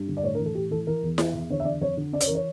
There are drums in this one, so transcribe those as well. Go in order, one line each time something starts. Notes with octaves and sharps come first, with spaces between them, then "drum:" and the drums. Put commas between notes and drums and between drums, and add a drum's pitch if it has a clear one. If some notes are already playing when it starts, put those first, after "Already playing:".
Already playing: G2
D3
D5
A2 C#5
A#4
E3
A4
A2 G4
E3 A4
E3 A#4
E2
E3, drum: snare E4
E2
D3 C#5
E5
D3 D5
F2 C#5
D3
C#3 D5
C#5, drum: hi-hat
E3 A#4
C#5